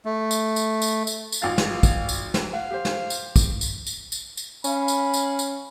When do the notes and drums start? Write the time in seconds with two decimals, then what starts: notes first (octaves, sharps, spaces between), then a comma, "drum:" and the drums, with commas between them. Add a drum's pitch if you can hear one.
0.05 A3
0.31 drum: tambourine
0.56 drum: tambourine
0.82 drum: tambourine
1.07 drum: tambourine
1.32 drum: tambourine
1.42 G#1 F4 F5 A6
1.58 drum: snare
1.83 drum: kick, tambourine
2.09 drum: tambourine
2.34 drum: snare
2.53 F5 F#5
2.71 G4 C5
2.85 drum: snare
3.10 drum: tambourine
3.36 drum: kick, tambourine
3.61 drum: tambourine
3.87 drum: tambourine
4.12 drum: tambourine
4.37 drum: tambourine
4.64 C#4 F5 B5, drum: tambourine
4.88 drum: tambourine
5.14 drum: tambourine
5.39 drum: tambourine